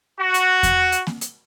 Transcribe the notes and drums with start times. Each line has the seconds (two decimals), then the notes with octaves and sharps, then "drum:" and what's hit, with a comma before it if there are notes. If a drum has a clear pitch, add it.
0.20 F#4
0.34 drum: hi-hat
0.63 drum: kick E2, hi-hat
0.92 drum: hi-hat
1.07 drum: snare A#3
1.21 drum: hi-hat